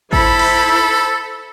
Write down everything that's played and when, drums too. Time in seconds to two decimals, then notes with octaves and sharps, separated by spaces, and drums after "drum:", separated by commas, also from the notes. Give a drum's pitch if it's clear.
0.13 E4 A4 C5 B5, drum: kick G#1
0.39 drum: cymbal